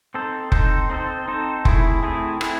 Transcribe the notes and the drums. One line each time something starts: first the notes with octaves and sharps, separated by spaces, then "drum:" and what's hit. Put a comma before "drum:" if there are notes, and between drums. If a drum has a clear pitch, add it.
C4 D#4 A4 C5
C4 D#4 A4 C5, drum: kick F1
C4 D#4 A4 C5
C4 D#4 A4 C5
A3 C4 E4 G#4, drum: kick F1
A3 C4 E4 G#4
A3 C4 E4 G#4, drum: rim click